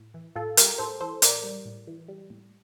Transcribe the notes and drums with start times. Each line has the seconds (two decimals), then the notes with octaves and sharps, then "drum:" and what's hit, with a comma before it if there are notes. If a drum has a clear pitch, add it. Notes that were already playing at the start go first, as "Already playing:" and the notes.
Already playing: A2
0.14 E3
0.35 A2 F4 A4
0.57 G3 G4 A#4, drum: hi-hat
0.78 A2 A4 C5
1.01 E3 A4 C5
1.22 A2 A#4 D5, drum: hi-hat
1.44 G3
1.66 A2
1.87 E3
2.08 G3
2.30 A2